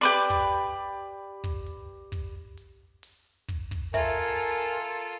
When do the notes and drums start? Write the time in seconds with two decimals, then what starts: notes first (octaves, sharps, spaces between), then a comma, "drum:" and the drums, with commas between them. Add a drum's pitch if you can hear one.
0.01 G4 B4 D5
0.30 drum: kick, hi-hat
1.44 drum: kick
1.66 drum: hi-hat
2.12 drum: kick, hi-hat
2.57 drum: hi-hat
3.03 drum: open hi-hat
3.48 drum: kick, hi-hat
3.71 drum: kick
3.94 F4 A4 A#4 E5 G#5, drum: kick, hi-hat